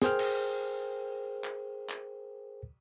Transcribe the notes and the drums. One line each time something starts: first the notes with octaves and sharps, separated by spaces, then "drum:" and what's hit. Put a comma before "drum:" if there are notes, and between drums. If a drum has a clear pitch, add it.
G#4 A#4 C5 G5 F6, drum: snare
drum: cymbal
drum: clap
drum: clap